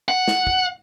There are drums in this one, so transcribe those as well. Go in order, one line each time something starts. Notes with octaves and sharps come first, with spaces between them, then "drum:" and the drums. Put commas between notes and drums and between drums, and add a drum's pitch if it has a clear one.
F#5
drum: snare
drum: kick